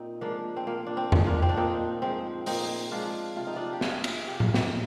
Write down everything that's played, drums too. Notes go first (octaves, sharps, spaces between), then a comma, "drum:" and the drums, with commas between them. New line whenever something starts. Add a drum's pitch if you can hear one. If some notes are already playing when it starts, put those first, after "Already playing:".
Already playing: A#2 C4 D#4
F3 G#3 A#3 D4
C4
A#2 A#3
D4
C4
F3 G#3, drum: tom E2
A#3 D4
C4
D4
A#2 C4 D#4
F3 G#3 C4
A#2 C4 D#4, drum: open hi-hat
F3 G#3 D4 F4
C3 F4
D#4
D4 F4
G4
G3 F4 G#4, drum: snare
drum: cymbal
C3 G4
F4, drum: tom A2
D#4 G4, drum: snare